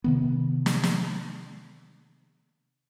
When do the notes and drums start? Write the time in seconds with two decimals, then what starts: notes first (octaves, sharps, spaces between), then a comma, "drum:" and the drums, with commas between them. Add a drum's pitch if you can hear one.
0.04 C3 D#3 B3
0.66 drum: snare
0.83 drum: snare